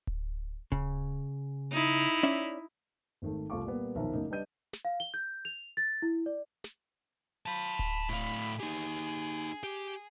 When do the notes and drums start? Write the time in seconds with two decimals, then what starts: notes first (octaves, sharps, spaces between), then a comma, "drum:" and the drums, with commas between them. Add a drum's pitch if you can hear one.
0.07 drum: kick D1
0.72 C#3, drum: kick D1
1.72 D#4 E4
2.23 C#4 D5 E5, drum: tom C#4
3.22 G#1 D#3 A3
3.50 C2 A3 F4 C#6 D6
3.65 A#2 G3 A#3 B3
3.95 D#1 B1 D#3 F3 A#4 E5
4.14 A2 C#3 A#3 D#4
4.31 G3 D4 B4 D#5 G6 D#7
4.73 drum: snare
4.85 F5
5.00 G7
5.14 G6
5.45 F7
5.77 A6
6.02 E4
6.26 D5
6.64 drum: snare
7.46 F5 A5 B5
7.79 drum: kick D1
8.09 A2 F5, drum: open hi-hat
8.60 D#4 G4 G#4
9.63 G4